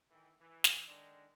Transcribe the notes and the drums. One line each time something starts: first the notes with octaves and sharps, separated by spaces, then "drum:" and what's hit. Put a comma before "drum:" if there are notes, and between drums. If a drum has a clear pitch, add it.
A2 D#3 E3
E3
drum: snare
D3 D#3 G#3 D4